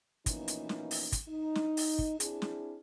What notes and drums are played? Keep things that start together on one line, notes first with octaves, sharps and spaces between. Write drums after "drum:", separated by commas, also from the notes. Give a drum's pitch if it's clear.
B2 E3 F3 A#3 C#4 D#4, drum: kick, hi-hat
drum: hi-hat
drum: snare
drum: open hi-hat
drum: kick, hi-hat
D#4
drum: snare
drum: open hi-hat
drum: kick
C4 D4 E4 G#4, drum: hi-hat
drum: snare